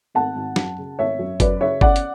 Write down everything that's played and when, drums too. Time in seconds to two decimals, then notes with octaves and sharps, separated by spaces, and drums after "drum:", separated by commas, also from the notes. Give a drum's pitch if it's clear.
0.14 G#1 F#5 A5
0.36 G#1
0.56 F#2, drum: snare
0.78 C#3
0.99 G#1 C#5 E5
1.19 F#2
1.40 F#2 B4 D5, drum: kick G1, hi-hat
1.61 C#3 C#5 E5
1.81 C#4 D5 F#5, drum: kick G1
1.96 drum: hi-hat